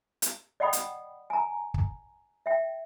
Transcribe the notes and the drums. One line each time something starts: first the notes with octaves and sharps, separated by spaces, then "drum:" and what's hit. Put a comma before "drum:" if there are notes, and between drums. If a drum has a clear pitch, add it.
drum: hi-hat
D5 D#5 F#5 G5 B5 D#6
drum: hi-hat
G#5 A#5
drum: kick
E5 G5